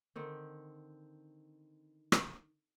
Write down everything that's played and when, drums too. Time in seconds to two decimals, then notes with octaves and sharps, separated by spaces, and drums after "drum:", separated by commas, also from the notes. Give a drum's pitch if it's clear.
0.16 D3 D#3 C4
2.12 drum: rim click